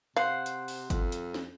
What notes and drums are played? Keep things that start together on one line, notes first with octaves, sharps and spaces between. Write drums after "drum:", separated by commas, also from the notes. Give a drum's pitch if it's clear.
C3 C5 F5 F#5 C6
drum: hi-hat
drum: open hi-hat
F2, drum: kick G1, hi-hat
drum: hi-hat
drum: snare